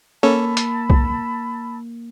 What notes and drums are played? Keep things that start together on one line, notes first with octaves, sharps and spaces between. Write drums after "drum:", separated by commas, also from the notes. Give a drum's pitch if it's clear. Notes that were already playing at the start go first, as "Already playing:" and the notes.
A#3 C#4 A4 C#5 A5 B5 E6
drum: hi-hat
drum: kick B1